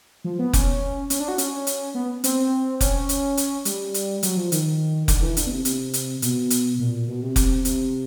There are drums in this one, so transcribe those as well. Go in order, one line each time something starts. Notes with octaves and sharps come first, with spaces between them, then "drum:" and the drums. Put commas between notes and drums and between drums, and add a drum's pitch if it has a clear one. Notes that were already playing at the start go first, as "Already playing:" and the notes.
F3
B3
C#4, drum: kick F1, hi-hat
C#4, drum: hi-hat
D4
F#4
C#4, drum: hi-hat
drum: hi-hat
B3
C4, drum: hi-hat
C#4, drum: kick F1, hi-hat
drum: hi-hat
drum: hi-hat
G3, drum: hi-hat
drum: hi-hat
F#3, drum: hi-hat
F3
D#3, drum: hi-hat
D3, drum: kick F1, hi-hat
E3
D3, drum: hi-hat
B2
C3
C3, drum: hi-hat
drum: hi-hat
B2, drum: hi-hat
drum: hi-hat
A#2
B2
C3
drum: kick F1, hi-hat
C3, drum: hi-hat